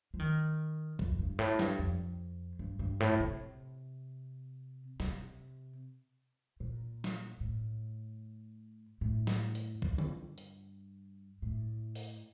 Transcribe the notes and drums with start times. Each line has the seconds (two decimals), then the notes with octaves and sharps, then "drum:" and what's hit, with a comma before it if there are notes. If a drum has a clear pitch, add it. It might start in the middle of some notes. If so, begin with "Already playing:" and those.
0.14 F3
0.19 D#3
0.99 F2, drum: kick
1.19 G2
1.39 A2
1.59 G2, drum: snare
1.79 F2
2.59 G2
2.79 G2
3.00 A2
3.20 C3
5.00 C3, drum: snare
6.60 A#2
7.04 drum: snare
7.40 A2
9.01 A2
9.27 drum: snare
9.55 drum: hi-hat
9.82 G2, drum: kick
9.98 drum: tom D3
10.38 drum: hi-hat
11.42 A2
11.95 drum: open hi-hat